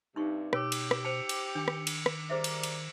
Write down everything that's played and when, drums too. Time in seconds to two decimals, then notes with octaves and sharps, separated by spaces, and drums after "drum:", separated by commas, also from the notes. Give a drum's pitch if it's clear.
0.16 G2 C3 D#4 C#6
0.53 B2 G4 C#5 D6 E6 D7, drum: rim click
0.72 drum: cymbal
0.91 drum: rim click
1.05 C5 A5 C#7 F7
1.29 drum: cymbal
1.55 D#3 D4 G5
1.68 drum: rim click
1.87 drum: cymbal
2.06 drum: rim click
2.30 G3 G#4 A#4 C5 D5 E5
2.44 drum: cymbal
2.63 drum: cymbal